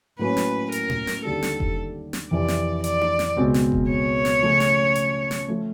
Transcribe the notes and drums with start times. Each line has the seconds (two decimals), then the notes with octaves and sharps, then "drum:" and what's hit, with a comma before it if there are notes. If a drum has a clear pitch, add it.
0.19 A2 F#3 A#3 C#4 B4
0.37 drum: snare
0.72 A#4, drum: hi-hat
0.90 drum: tom A2
1.07 drum: snare
1.25 D#2 D3 G3 A4
1.42 drum: snare
1.60 drum: kick F1
2.13 drum: snare
2.31 F2 C3 E3 D5
2.48 drum: snare
2.84 D5, drum: hi-hat
3.01 drum: tom D4
3.19 drum: snare
3.36 C#2 B2 G#3 C4
3.54 drum: snare
3.72 drum: kick F1
3.90 C#5
4.25 drum: snare
4.43 C#3 F3 A3 C#4
4.60 drum: snare
4.95 drum: hi-hat
5.31 drum: snare
5.48 F3 A3